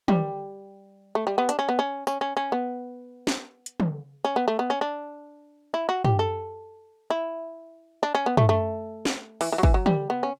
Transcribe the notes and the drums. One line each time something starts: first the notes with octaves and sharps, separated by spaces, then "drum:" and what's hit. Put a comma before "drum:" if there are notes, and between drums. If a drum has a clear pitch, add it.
G3, drum: tom
A3
G3
B3
D4, drum: hi-hat
C#4
B3
C#4
C#4, drum: tambourine
C#4
C#4
B3
drum: snare
drum: hi-hat
drum: tom
C#4
B3
A3
B3
C#4
D4
E4
F#4
G4, drum: tom
A4
E4
D4
C#4
B3
A3, drum: tom
A3
drum: snare
E3, drum: open hi-hat
E3
F#3
E3, drum: kick
F#3
G3, drum: tom
B3
C#4